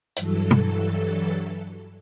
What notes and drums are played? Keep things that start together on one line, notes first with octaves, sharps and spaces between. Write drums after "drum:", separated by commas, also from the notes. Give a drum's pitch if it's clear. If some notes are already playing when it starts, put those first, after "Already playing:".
G2 E3 F#3 A4, drum: hi-hat
drum: tom